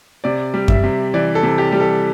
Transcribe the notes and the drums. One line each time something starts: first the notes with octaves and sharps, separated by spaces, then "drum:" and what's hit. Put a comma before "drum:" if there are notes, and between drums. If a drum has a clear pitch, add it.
C3 D5
G3
E5, drum: kick F#2
C3
E3 D5
A4
C3
G4
G3
A4